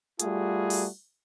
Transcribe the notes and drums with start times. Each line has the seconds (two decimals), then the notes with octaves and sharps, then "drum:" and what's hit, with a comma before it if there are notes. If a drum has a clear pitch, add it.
0.20 G3 A3 F4 F#4 G#4, drum: hi-hat
0.70 drum: open hi-hat